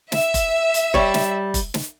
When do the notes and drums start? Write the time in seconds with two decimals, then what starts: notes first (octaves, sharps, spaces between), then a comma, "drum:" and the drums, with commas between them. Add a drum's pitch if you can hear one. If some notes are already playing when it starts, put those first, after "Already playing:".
0.12 E5, drum: snare
0.34 drum: kick F1, hi-hat
0.74 drum: hi-hat
0.94 G3 C#5, drum: kick F1
1.14 drum: snare
1.54 drum: kick F1, hi-hat
1.74 drum: snare